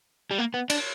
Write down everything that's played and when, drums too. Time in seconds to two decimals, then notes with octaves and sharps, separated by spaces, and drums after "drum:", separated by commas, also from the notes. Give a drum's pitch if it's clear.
0.31 G3
0.38 A#3
0.54 B3
0.70 D4, drum: cymbal